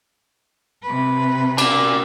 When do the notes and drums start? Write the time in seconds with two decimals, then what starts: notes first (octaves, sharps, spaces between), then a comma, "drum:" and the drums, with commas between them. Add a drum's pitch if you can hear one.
0.83 C3 B4
1.58 A#3 D5, drum: cymbal